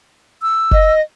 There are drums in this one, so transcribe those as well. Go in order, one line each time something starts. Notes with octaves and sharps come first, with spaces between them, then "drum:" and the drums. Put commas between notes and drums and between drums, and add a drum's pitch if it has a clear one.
E6
D#5, drum: kick F#1